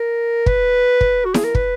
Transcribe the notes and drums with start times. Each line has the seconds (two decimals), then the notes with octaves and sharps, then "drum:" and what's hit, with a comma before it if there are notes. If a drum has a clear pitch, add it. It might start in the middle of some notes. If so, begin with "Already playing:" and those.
Already playing: A#4
0.46 B4, drum: kick
1.01 drum: kick
1.25 F#4
1.34 G#4, drum: snare E4
1.44 A#4
1.55 B4, drum: kick